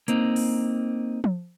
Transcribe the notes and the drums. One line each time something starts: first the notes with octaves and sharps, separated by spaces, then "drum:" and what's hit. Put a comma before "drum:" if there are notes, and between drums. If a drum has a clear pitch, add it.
A#3 C4 D#4, drum: hi-hat
drum: open hi-hat
drum: tom F3